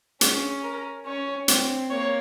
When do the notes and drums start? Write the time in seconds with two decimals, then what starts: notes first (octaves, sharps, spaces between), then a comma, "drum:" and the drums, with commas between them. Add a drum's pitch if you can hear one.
0.21 C#4 G#4, drum: hi-hat
0.64 A#4
1.06 C#4 C#5
1.48 C4, drum: hi-hat
1.90 A#3 C#5